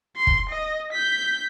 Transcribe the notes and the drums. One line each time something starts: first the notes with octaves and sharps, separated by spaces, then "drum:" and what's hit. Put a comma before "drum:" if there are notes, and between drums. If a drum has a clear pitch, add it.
C6
drum: kick
D#5
G6 B6